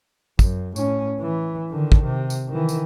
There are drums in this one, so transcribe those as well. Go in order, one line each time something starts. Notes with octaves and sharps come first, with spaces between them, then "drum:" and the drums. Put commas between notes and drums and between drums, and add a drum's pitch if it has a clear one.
F#2, drum: kick, tambourine
A2 C#4, drum: tambourine
E3
D3 D#3
drum: kick
C3
drum: tambourine
D#3 E3
drum: tambourine